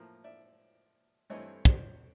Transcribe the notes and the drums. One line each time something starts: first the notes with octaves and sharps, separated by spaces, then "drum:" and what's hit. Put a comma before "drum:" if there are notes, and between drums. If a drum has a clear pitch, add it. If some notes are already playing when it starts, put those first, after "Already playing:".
Already playing: A2 F3 A#3
D5 E5
G2 E3 A3 C4 C#5 D#5
C5 D5, drum: kick